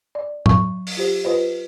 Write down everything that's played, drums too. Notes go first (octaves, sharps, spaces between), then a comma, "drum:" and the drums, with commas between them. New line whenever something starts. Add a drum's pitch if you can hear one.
D5
F#3 C#6, drum: tom
drum: open hi-hat
F4 G4 C5
F4 B4 C5 D#5